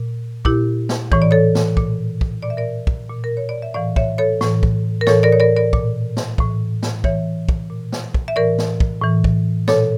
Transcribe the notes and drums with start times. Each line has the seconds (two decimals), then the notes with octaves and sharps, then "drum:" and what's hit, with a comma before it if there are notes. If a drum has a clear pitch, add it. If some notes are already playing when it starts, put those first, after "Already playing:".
Already playing: A#2
0.45 A#2 E4 G4, drum: kick
0.89 drum: snare
1.12 A2 E3 C#5, drum: kick
1.22 D5
1.31 A4 C#5
1.55 drum: snare
1.77 A#2, drum: kick
2.21 drum: kick
2.42 A#2 D5
2.50 E5
2.57 A#4 D5
2.87 drum: kick
3.09 A#2
3.24 A#4
3.37 C#5
3.49 D5
3.62 E5
3.74 A2 E3 D5 F5
3.96 C#5 E5, drum: kick
4.18 A4 C#5
4.41 A2 E3, drum: snare
4.63 drum: kick
5.01 A#4
5.07 A2 E3 A4 C#5, drum: snare
5.23 A#4 D5
5.32 C#5
5.40 A#4 D5
5.57 A#4 D5
5.73 A#2, drum: kick
6.17 drum: snare
6.38 A2 E3, drum: kick
6.83 drum: snare
7.04 A2 E3 C#5 E5, drum: kick
7.49 drum: kick
7.70 A#2
7.92 drum: snare
8.14 drum: kick
8.28 E5
8.36 A2 E3 A#4 D5
8.58 drum: snare
8.80 drum: kick
9.02 A2 E3
9.24 drum: kick
9.68 A#2 A4 C#5, drum: snare